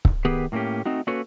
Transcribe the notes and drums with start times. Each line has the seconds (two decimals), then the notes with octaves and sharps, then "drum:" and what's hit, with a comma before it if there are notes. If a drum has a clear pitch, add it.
0.05 drum: kick C#1
0.25 D#3 B3 G4 G#4 B4
0.52 A2 A#3 C4 C#4 G4
0.85 A3 C4 D#4 F#4
1.07 A#3 C#4 F#4 A4 B4 C#5